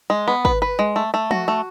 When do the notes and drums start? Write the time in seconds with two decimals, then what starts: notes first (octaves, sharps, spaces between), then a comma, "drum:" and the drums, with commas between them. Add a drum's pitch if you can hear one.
0.10 G#3
0.28 B3
0.45 B4, drum: kick
0.62 B4
0.79 G#3
0.96 A3
1.14 A3
1.31 F#4, drum: tom F3
1.48 A3